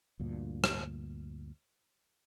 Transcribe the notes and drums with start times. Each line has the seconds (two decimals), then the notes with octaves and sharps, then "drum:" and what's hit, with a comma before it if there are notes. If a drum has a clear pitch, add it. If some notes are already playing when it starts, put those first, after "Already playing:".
0.20 D2 G2 A#2
0.64 drum: rim click